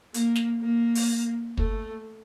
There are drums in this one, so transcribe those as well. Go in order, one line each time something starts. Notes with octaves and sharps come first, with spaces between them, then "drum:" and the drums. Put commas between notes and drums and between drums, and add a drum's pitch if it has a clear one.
A#3, drum: hi-hat
drum: snare
A#3
drum: open hi-hat
A3, drum: kick